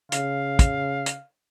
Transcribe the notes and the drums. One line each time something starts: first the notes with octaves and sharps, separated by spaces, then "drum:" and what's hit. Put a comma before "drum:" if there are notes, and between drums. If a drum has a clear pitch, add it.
C#3 F5, drum: hi-hat
drum: kick, hi-hat
drum: hi-hat